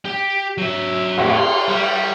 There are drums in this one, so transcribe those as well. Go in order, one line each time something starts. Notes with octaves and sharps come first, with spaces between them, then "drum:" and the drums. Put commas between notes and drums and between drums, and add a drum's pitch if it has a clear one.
G4
F#3 E5
F2 A2, drum: cymbal
C6
G3